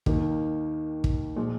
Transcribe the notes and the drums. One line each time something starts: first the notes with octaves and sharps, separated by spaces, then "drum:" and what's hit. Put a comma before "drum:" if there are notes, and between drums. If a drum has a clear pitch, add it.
D#2 D#3 A#3, drum: kick
drum: kick
A#2 F3 G#3